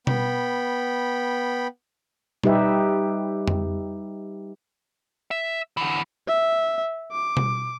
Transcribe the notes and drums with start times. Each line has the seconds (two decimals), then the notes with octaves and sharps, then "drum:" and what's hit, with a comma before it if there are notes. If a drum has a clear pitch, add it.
0.07 B3 G5 B5, drum: tom B2
2.44 G3 D#4 G4 B4 E5, drum: tom B2
3.48 drum: tom F2
5.31 E5
5.77 D3 E3
6.28 E5
7.12 D6
7.37 drum: tom B2